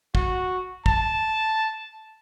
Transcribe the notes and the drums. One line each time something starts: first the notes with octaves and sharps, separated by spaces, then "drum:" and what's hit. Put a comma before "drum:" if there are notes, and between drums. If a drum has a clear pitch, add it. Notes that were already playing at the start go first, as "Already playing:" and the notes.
F#4, drum: kick
A5, drum: kick